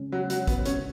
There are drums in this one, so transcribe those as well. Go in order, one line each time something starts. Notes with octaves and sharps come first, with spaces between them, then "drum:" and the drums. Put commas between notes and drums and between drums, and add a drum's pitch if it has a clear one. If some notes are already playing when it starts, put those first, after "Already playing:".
Already playing: C#3 G#3 C#4
F#3
F#3, drum: hi-hat
B3, drum: kick, hi-hat
C#4, drum: hi-hat